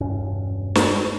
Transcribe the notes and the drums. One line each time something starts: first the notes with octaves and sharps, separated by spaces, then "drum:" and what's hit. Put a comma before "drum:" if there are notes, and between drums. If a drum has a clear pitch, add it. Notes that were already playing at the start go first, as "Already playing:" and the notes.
E1 G2 C#4
drum: snare